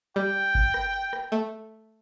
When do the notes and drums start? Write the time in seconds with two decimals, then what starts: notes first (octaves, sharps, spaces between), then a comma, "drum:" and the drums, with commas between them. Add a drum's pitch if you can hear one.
0.16 G3 G5
0.55 drum: kick G1
0.74 drum: rim click
1.13 drum: rim click
1.32 A3